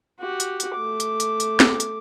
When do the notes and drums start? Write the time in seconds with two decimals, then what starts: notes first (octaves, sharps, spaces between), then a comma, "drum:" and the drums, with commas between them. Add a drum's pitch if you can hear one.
0.20 F#4 G4
0.40 drum: hi-hat
0.60 drum: hi-hat
0.75 A3 D6
1.00 drum: hi-hat
1.20 drum: hi-hat
1.40 drum: hi-hat
1.60 drum: snare
1.80 drum: hi-hat